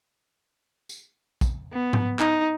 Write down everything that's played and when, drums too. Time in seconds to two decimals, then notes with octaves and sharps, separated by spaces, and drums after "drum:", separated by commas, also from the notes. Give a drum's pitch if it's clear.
0.89 drum: tambourine
1.41 drum: kick, tambourine
1.73 B3
1.93 drum: tom G#2
2.19 D#4, drum: clap